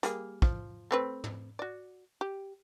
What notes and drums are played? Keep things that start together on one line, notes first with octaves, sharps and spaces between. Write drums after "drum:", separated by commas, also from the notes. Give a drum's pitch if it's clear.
G3 A#3 G#4, drum: hi-hat
F3, drum: kick
A3 C4 B4
drum: tom
F#4 D5
G4